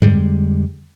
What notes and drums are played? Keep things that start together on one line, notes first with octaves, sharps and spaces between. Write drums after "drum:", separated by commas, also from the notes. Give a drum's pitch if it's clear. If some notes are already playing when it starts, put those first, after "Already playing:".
F2 D3 G3 G#3, drum: tom G2